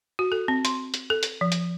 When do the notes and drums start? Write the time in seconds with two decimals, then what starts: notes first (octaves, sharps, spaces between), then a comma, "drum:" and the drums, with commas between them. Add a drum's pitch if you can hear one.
0.19 F#4
0.32 A4
0.48 C4
0.65 C6, drum: hi-hat
0.94 drum: hi-hat
1.10 A4
1.23 drum: hi-hat
1.41 F3
1.52 drum: hi-hat